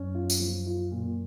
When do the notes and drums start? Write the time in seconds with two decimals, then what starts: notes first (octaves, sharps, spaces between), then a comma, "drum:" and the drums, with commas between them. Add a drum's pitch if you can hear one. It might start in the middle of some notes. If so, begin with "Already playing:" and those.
Already playing: F#2 C#4
0.15 F4
0.30 drum: tambourine
0.40 F3
0.66 F4
0.91 A#2